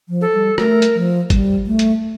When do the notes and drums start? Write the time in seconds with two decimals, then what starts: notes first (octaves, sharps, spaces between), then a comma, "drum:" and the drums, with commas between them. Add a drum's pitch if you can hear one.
0.09 F3
0.21 A4
0.34 G3
0.58 A3 A#4, drum: rim click
0.82 drum: hi-hat
0.94 F3
1.30 G3, drum: kick, hi-hat
1.67 A3
1.79 drum: hi-hat